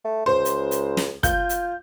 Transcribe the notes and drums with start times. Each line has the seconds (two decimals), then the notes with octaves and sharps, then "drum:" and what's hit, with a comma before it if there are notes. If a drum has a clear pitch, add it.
0.05 A3
0.26 C#2 C5
0.45 drum: hi-hat
0.71 drum: hi-hat
0.97 drum: snare
1.23 F4 G6, drum: kick, hi-hat
1.49 drum: hi-hat